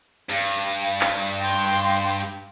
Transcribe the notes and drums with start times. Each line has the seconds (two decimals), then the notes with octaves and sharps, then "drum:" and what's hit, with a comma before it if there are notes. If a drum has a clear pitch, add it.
0.29 G2, drum: hi-hat
0.53 drum: hi-hat
0.77 drum: open hi-hat
1.01 drum: clap
1.25 drum: hi-hat
1.40 G5 C6
1.73 drum: hi-hat
1.97 drum: hi-hat
2.21 drum: hi-hat